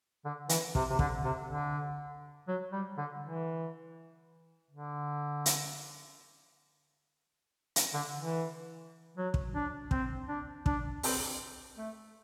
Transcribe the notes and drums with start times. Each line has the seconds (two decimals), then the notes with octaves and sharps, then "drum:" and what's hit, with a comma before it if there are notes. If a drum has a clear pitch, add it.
0.25 D3
0.49 E3, drum: hi-hat
0.75 C3, drum: kick
0.90 C3
0.99 D3, drum: kick
1.24 C3
1.48 D3
2.48 F#3
2.72 G3
2.97 D3
3.23 E3
4.71 D3
5.46 drum: hi-hat
7.76 drum: hi-hat
7.93 D3
8.18 E3
9.17 F#3
9.34 drum: kick
9.55 D4
9.91 C4, drum: kick
10.28 D4
10.66 D4, drum: kick
11.03 C4, drum: open hi-hat
11.78 A3